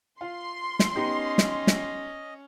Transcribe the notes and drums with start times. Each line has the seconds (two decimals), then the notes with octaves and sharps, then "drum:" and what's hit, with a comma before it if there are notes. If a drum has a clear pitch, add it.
0.21 F4 C6
0.79 drum: snare
0.96 B3 C#4 D#4 G4 D#5
1.38 drum: snare
1.67 drum: snare